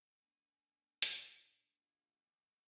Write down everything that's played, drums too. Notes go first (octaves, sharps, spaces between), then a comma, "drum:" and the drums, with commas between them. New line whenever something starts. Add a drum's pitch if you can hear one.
A3 B3 D4 G#5
A#2, drum: hi-hat
F4 G#4
D2
G#3 F#4